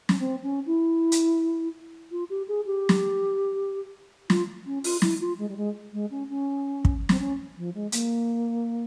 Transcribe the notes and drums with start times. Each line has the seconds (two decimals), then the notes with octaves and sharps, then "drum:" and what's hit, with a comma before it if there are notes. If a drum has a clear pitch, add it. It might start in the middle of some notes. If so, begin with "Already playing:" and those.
0.09 C#4, drum: snare
0.19 C4
0.43 C#4
0.66 E4
1.12 drum: hi-hat
2.11 F4
2.30 G4
2.48 G#4
2.66 G4
2.89 drum: snare
4.30 F4, drum: snare
4.66 C#4
4.84 F4, drum: open hi-hat
5.02 E4, drum: snare
5.20 F4
5.38 G#3
5.49 G3
5.57 G#3
5.93 G#3
6.11 C#4
6.30 C#4
6.85 drum: kick
7.09 C4, drum: snare
7.20 C#4
7.57 F3
7.74 G#3
7.92 A#3, drum: hi-hat